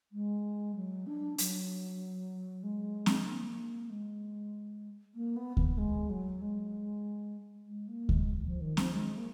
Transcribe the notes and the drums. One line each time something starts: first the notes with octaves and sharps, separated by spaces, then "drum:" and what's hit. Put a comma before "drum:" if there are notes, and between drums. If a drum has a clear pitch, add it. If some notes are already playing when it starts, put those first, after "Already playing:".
G#3
F#3
D4
F#3, drum: hi-hat
G#3
drum: snare
A#3
G#3
A#3
B3
B3, drum: kick D2
G#3
F#3
G#3
G#3
A#3
G#3, drum: kick D2
F3
D#3
F3, drum: snare
G#3
A#3